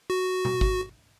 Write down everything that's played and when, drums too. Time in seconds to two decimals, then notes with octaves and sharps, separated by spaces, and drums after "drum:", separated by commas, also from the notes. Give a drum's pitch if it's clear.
0.10 F#4
0.45 drum: tom B2
0.61 drum: kick